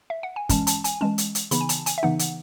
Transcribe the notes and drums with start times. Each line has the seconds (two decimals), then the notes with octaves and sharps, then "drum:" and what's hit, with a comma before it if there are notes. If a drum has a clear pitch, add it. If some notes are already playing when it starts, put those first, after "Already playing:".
0.10 E5
0.23 F#5
0.36 G#5
0.49 E3 G#3 C#4 A5, drum: kick, hi-hat
0.67 A5, drum: hi-hat
0.84 G#5, drum: hi-hat
1.01 E3 G#3 C#4 A5
1.18 drum: hi-hat
1.35 drum: hi-hat
1.51 C#3 E3 B3 D#4 B5, drum: hi-hat
1.61 G#5
1.69 A5, drum: hi-hat
1.86 G#5, drum: hi-hat
1.98 E5
2.03 C#3 E3 B3 D#4 F#5
2.19 F#5, drum: hi-hat